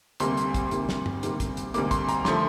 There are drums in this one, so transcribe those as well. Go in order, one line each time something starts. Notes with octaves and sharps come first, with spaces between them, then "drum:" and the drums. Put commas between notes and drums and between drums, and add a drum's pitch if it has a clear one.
D2 C3 G3 A#3 C6, drum: hi-hat
drum: hi-hat
drum: kick, hi-hat
D2 C3 G3 A#3, drum: hi-hat
drum: snare
drum: tom G2
D2 C3 G3 A#3, drum: hi-hat
drum: kick, hi-hat
drum: hi-hat
D2 C3 G3 A#3 D6, drum: hi-hat
C6, drum: kick, hi-hat
A#5, drum: hi-hat
D3 F3 A3 C6, drum: snare